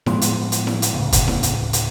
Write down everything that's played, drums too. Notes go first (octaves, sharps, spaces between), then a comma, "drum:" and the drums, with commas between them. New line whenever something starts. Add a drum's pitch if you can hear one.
A2 F3 G#3 B3, drum: snare E4
drum: hi-hat
drum: hi-hat
drum: snare E4
drum: hi-hat
D2 A2 C#3
drum: kick, hi-hat
drum: snare E4
drum: hi-hat
drum: hi-hat